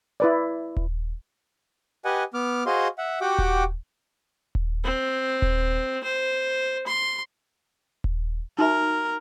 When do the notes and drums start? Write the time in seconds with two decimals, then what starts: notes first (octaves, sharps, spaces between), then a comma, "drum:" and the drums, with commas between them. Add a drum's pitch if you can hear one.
0.20 E4 B4 D5
0.77 drum: kick D#1
2.05 G4 B4 D#5 F#5 G#5
2.34 B3 D6 F6
2.66 F#4 G#4 C5 D#5 F5 C6
2.98 E5 F#5
3.21 F#4 G4 F#5 G5 D6
3.38 drum: kick D#1
4.55 drum: kick D#1
4.84 C4
5.42 drum: kick D#1
6.03 C5
6.86 C6
8.04 drum: kick D#1
8.59 D#4 F#4 A#4 E5